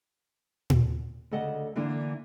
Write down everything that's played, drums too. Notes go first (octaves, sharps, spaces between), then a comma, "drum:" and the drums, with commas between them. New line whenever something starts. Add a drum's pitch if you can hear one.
drum: tom
D2 C#3 A4 D#5 F#5
D3 E3 A#3 D4